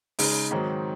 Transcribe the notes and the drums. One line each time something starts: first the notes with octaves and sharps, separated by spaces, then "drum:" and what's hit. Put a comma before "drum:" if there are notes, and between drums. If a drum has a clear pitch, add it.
C#3 G#3 D#4, drum: open hi-hat
G#2 D#3 F#3 C4